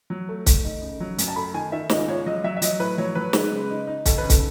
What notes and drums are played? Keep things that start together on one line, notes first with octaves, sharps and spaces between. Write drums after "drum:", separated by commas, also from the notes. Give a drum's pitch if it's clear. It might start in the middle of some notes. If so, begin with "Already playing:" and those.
F#3
A3
A3, drum: kick, hi-hat
D#4
C#3
F#3
F#2, drum: hi-hat
A5
A3 B5
D#3 G#5
D#3 E5
C#2 D#5, drum: snare
C#2 C#5
F#3 D#5
F#3 E5
E5
F#3 D#5, drum: hi-hat
A2 B4
F#3 C#5
F#3 B4
G#3, drum: snare
C#3
D#4
D#4
D#2 A4, drum: kick, hi-hat
B4
C#3
A4, drum: kick, hi-hat